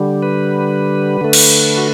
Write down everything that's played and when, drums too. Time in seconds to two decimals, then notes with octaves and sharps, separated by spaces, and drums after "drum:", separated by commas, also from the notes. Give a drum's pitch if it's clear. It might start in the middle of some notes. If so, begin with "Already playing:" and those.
Already playing: D3 G3
0.23 B4
1.21 D3 A3
1.33 drum: cymbal
1.78 F#4